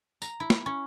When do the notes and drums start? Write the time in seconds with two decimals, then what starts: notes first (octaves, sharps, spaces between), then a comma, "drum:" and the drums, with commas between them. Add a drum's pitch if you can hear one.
0.22 A#5, drum: tambourine
0.40 E4
0.50 drum: snare
0.66 C#4